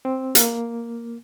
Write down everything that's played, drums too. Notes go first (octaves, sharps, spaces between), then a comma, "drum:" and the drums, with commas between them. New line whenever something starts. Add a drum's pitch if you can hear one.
C4
A#3, drum: hi-hat